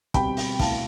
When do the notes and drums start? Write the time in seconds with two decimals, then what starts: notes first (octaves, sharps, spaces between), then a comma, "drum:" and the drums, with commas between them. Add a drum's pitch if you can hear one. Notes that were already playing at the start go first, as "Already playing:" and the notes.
0.14 B2 G3 C4 G5 B5, drum: kick, hi-hat
0.37 drum: open hi-hat
0.60 B2 A3 E4 F5 A5, drum: kick, open hi-hat